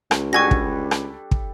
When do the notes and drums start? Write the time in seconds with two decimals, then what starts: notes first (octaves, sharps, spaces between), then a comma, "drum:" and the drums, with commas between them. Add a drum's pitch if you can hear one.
0.11 C#2, drum: rim click
0.33 G3 D4 F#4 A4 G#5 C#6 G#6 A#6
0.51 drum: kick
0.91 drum: rim click
1.31 drum: kick